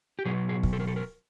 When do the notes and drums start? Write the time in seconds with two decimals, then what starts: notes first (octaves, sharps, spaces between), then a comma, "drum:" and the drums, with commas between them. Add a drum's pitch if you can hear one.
0.19 G4
0.25 B2 F#3 G#4
0.49 G#4
0.63 drum: kick
0.73 A4
0.80 A#4
0.88 A4
0.96 A#4